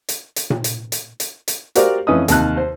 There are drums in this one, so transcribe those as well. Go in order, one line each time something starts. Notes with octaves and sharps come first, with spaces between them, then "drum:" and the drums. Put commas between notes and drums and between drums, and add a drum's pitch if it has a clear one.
drum: hi-hat
drum: hi-hat
drum: tom A#2
drum: hi-hat
drum: hi-hat
drum: hi-hat
drum: hi-hat
F#4 G4 A#4 C5 D5 F5, drum: hi-hat
F2 E3 C#4 B4 D#5 D#6
D#2 C3 A5 F6 F#6, drum: hi-hat
C5